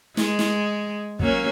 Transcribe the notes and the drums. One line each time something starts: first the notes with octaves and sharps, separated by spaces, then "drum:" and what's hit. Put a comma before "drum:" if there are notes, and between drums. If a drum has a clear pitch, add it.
G#3, drum: snare
drum: snare
F#3 A#3 C#4, drum: kick